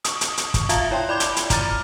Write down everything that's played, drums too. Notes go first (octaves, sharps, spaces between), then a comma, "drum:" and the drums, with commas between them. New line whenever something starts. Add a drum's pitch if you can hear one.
C#6 D#6, drum: hi-hat
drum: hi-hat
drum: hi-hat
drum: kick, hi-hat
F4 E5 F5 A5, drum: hi-hat
E4 C#5 G5 C6
D5 B5 D6 G#6 G7
drum: hi-hat
drum: hi-hat
A#5 D6 F6 A6, drum: kick, hi-hat